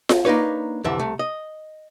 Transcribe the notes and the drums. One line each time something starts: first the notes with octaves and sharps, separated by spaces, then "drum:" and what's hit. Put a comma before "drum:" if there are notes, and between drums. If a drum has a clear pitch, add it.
drum: snare F4
A#3 D4 D#4 B4 C#5
C2 F2 D3 E3 E5
C2 A3
D#5